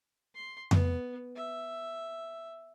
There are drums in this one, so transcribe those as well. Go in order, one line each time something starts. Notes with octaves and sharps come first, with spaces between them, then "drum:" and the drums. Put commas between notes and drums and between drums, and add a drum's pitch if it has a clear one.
C6
B3, drum: tom F2
E5